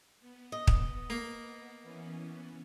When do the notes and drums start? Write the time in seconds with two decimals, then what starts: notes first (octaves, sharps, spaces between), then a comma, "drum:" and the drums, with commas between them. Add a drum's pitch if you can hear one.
0.20 B3
0.52 D#5
0.67 drum: kick
1.10 A#3
1.82 E3 B3 C#4